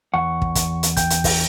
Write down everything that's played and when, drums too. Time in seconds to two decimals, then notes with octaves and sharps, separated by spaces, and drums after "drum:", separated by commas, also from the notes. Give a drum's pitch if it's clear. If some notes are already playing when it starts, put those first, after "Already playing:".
0.14 E2 F#5 C#6
0.42 drum: kick
0.55 drum: kick, hi-hat
0.83 drum: hi-hat
0.97 G5 G6, drum: kick, hi-hat
1.10 drum: hi-hat
1.24 drum: kick, open hi-hat